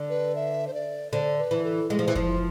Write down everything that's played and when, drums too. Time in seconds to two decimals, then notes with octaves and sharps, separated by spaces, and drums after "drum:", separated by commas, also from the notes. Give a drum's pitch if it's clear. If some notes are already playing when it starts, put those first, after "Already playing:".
Already playing: D3
0.10 B4
0.35 E5
0.67 C5
0.74 D5
1.12 D3 C5
1.38 B4
1.51 E3
1.64 A4
1.90 G#3 G#4
1.99 F3
2.08 E3
2.15 F3 E4, drum: kick F#1